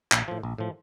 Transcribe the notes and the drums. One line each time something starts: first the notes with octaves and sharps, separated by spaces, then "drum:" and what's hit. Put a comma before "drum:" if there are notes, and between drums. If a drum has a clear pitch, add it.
A#1, drum: clap
A2 F3
A#1
A2 F3